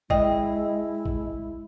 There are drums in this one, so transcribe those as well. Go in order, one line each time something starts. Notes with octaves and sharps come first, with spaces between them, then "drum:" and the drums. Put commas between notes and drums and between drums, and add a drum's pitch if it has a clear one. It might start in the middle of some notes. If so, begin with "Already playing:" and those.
G#3 E4 D5 D#5 G5, drum: kick A1
drum: kick A1